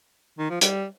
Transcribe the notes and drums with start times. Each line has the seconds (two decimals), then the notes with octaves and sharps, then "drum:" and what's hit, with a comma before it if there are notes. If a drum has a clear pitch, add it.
0.39 D#3
0.50 F3
0.61 G3, drum: hi-hat